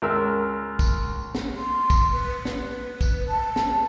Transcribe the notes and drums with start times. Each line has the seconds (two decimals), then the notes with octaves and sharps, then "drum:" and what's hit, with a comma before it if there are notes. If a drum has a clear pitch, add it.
0.02 C#2 A#4 E6
0.79 drum: kick, tambourine
1.35 drum: snare
1.56 C6
1.90 drum: kick, tambourine
2.12 B4
2.45 drum: snare
3.01 drum: kick, tambourine
3.28 A5
3.56 drum: snare